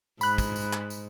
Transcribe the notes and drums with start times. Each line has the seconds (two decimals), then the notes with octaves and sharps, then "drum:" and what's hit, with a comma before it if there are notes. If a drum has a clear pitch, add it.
0.21 G#2 B5 F#6, drum: tambourine
0.38 drum: kick, tambourine
0.56 drum: tambourine
0.73 drum: clap
0.90 drum: tambourine